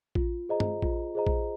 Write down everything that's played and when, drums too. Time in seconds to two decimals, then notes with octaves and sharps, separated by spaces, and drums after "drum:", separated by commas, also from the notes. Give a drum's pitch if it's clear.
0.15 F4, drum: kick A#1
0.49 G#4 C5 D#5 A#5
0.60 drum: tom
0.82 F4, drum: kick A#1
1.15 G#4 C5 D#5 A#5
1.27 drum: kick A#1